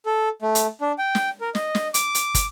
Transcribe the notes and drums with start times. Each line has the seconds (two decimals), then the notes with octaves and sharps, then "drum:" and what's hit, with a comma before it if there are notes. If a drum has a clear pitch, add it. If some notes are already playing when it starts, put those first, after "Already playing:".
0.06 A4
0.42 A3
0.55 drum: hi-hat
0.81 D4
0.98 G5
1.15 drum: snare
1.41 A#4
1.55 D#5, drum: snare
1.75 drum: snare
1.94 D6, drum: hi-hat
2.15 drum: hi-hat
2.35 drum: kick, hi-hat